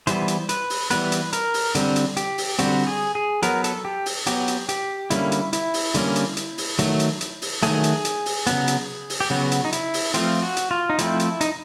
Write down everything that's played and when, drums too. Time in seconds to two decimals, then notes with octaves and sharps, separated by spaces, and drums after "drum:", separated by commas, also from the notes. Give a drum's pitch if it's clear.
0.07 E3 G3 B3 C5, drum: hi-hat
0.28 drum: hi-hat
0.49 B4, drum: hi-hat
0.70 drum: open hi-hat
0.90 E3 G3 B3 B4, drum: hi-hat
1.12 drum: hi-hat
1.33 A#4, drum: hi-hat
1.54 drum: open hi-hat
1.75 D3 G3 C4, drum: hi-hat
1.96 drum: hi-hat
2.17 G4, drum: hi-hat
2.38 drum: open hi-hat
2.59 D3 G3 C4 F#4, drum: hi-hat
2.87 G#4
3.15 G#4
3.42 F#3 B3 A#4, drum: hi-hat
3.64 A4, drum: hi-hat
3.85 G4
4.06 drum: open hi-hat
4.27 F#3 B3 G4, drum: hi-hat
4.48 drum: hi-hat
4.69 G4, drum: hi-hat
5.10 D3 G3 A#3 C#4 E4, drum: hi-hat
5.32 drum: hi-hat
5.53 E4, drum: hi-hat
5.74 drum: open hi-hat
5.94 D3 G3 A#3 C#4, drum: hi-hat
6.16 drum: hi-hat
6.37 drum: hi-hat
6.58 drum: open hi-hat
6.79 D#3 F#3 A3, drum: hi-hat
7.00 drum: hi-hat
7.21 drum: hi-hat
7.42 drum: open hi-hat
7.63 D#3 F#3 A3 G#4, drum: hi-hat
7.84 drum: hi-hat
8.05 drum: hi-hat
8.26 drum: open hi-hat
8.47 C#3 F#3 B3, drum: hi-hat
8.68 drum: hi-hat
9.10 drum: open hi-hat
9.20 G4
9.30 C#3 F#3 B3 F#4
9.52 drum: hi-hat
9.65 D#4
9.72 E4, drum: hi-hat
9.94 drum: open hi-hat
10.14 F3 A3 C4 F4, drum: hi-hat
10.43 F#4
10.57 drum: hi-hat
10.71 F4
10.90 D#4
10.98 F3 A3 C4 E4, drum: hi-hat
11.20 drum: hi-hat
11.41 D#4, drum: hi-hat